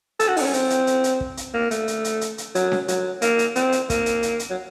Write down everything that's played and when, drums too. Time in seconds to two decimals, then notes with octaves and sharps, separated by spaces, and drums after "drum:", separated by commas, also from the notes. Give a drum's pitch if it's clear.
0.20 A4, drum: hi-hat
0.28 F#4
0.37 D#4, drum: open hi-hat
0.41 C4
0.45 C#4
0.53 C4, drum: hi-hat
0.70 drum: hi-hat
0.87 drum: hi-hat
1.04 drum: hi-hat
1.21 drum: kick
1.37 drum: hi-hat
1.54 A#3
1.71 A3, drum: hi-hat
1.88 drum: hi-hat
2.04 drum: hi-hat
2.21 drum: hi-hat
2.38 drum: hi-hat
2.55 F#3, drum: hi-hat
2.72 drum: snare C#4
2.88 F#3, drum: hi-hat
3.22 A#3, drum: hi-hat
3.39 drum: hi-hat
3.56 C4, drum: hi-hat
3.72 drum: hi-hat
3.90 A#3, drum: kick, hi-hat
4.06 drum: hi-hat
4.23 drum: hi-hat
4.39 drum: hi-hat
4.50 F#3